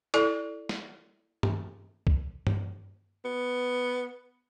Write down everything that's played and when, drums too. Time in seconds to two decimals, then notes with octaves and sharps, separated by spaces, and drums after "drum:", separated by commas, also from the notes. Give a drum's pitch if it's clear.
0.14 E4 A4 D5, drum: hi-hat
0.69 drum: snare
1.43 drum: tom G2
2.07 drum: kick C2
2.47 drum: tom G2
3.25 B3